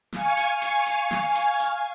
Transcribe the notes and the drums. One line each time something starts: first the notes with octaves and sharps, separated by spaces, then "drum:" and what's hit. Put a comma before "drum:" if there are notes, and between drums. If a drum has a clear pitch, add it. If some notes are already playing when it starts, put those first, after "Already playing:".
F5 G#5 C#6, drum: snare
drum: hi-hat
drum: hi-hat
drum: hi-hat
drum: snare
drum: hi-hat
drum: hi-hat